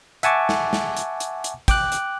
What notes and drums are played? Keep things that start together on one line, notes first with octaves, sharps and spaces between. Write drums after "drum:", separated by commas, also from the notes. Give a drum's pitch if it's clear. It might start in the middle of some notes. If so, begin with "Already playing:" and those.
E5 F#5 G#5 A5 C#6 D6, drum: hi-hat
drum: snare
drum: snare
drum: hi-hat
drum: hi-hat
drum: hi-hat
G5 D6 F#6, drum: kick, hi-hat
drum: hi-hat